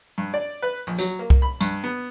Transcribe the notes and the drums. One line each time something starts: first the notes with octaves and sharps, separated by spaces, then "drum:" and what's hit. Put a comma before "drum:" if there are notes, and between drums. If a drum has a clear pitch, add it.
G2
D5
B4
A#1
F#3, drum: tambourine
A#3
drum: kick C2
B5
G2, drum: tambourine
B3